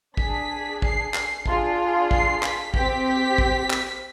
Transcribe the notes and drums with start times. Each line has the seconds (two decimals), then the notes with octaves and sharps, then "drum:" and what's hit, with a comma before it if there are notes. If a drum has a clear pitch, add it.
0.17 D4 G#4 B6, drum: kick A1
0.82 C7, drum: kick A1
1.14 C7, drum: clap
1.46 D4 F4 G#4, drum: kick A1
2.11 C7, drum: kick A1
2.43 B6, drum: clap
2.74 C4 G4 B6, drum: kick A1
3.06 B6
3.38 drum: kick A1
3.70 drum: clap